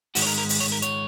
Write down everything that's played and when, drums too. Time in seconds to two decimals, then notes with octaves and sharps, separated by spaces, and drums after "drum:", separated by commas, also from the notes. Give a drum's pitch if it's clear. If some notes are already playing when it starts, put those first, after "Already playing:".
0.15 G#2 D#3 G#3 F#4, drum: open hi-hat
0.22 C#5
0.27 A#4
0.38 A#4
0.49 drum: open hi-hat
0.60 C#5
0.72 A#4
0.82 C#5, drum: hi-hat